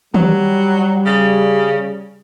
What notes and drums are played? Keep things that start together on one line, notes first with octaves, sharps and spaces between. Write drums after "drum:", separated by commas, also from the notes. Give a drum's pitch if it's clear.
F#3 G3, drum: tom D#3
C#3